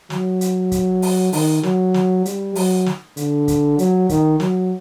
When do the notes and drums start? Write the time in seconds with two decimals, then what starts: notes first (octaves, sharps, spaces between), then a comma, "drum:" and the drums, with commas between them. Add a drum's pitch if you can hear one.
0.10 F#3, drum: snare
0.41 drum: hi-hat
0.72 drum: kick, hi-hat
1.02 drum: open hi-hat
1.32 D#3, drum: open hi-hat
1.63 F#3, drum: snare
1.94 drum: snare
2.25 G3, drum: hi-hat
2.55 F#3, drum: open hi-hat
2.86 drum: snare
3.17 D3, drum: hi-hat
3.48 drum: kick, hi-hat
3.79 F#3, drum: hi-hat
4.09 D#3, drum: kick, hi-hat
4.40 F#3, drum: snare